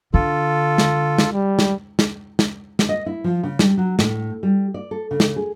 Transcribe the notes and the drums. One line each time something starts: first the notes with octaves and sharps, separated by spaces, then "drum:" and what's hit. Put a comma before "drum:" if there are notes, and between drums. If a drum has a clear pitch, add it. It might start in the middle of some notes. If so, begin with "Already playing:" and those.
D3 F4 A4
drum: snare
drum: snare
G3
drum: snare
drum: snare
drum: snare
drum: snare
D#5
E4
F3
C#3
G3, drum: snare
F#3
A2, drum: snare
G3
D5
A4
C#3
drum: snare
G#4